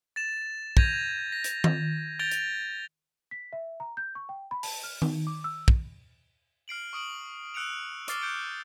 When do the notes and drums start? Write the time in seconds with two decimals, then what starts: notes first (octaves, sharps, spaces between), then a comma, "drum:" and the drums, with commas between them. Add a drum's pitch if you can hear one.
0.16 A6 E7
0.77 G6 G#6 A#6 D#7 F7, drum: kick
1.32 A#6
1.44 drum: hi-hat
1.64 drum: tom D#3
2.19 G6 A6 D7 F7 G7
2.31 drum: hi-hat
3.31 B6
3.53 E5
3.80 A#5
3.97 G6
4.15 C#6
4.29 G5
4.51 B5
4.63 A5, drum: open hi-hat
4.83 F6
5.02 D#4, drum: tom D#3
5.27 D6
5.44 E6
5.68 drum: kick
6.68 F6 C7 D7 F#7
6.93 C#6 D#6 D7 F#7
7.54 E6 F#6 C#7 D7 F7
8.08 C#6 D6 F6 A6 C7 G7, drum: hi-hat
8.22 F#6 G6 C#7 D7